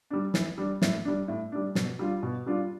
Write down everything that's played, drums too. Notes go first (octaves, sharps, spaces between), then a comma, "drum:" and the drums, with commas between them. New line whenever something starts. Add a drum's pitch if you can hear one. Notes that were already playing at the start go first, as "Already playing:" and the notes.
G3 D4
E3, drum: snare
G3 D4
A2, drum: snare
G3 D4
A2
G3 D4
B2, drum: snare
G3 D4 F4
B2
G3 D4 F4